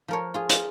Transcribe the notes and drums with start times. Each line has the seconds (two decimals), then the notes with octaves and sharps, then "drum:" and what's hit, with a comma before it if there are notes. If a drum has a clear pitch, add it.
0.08 F3 A#4 C#5
0.34 F4 G#4
0.49 F4, drum: hi-hat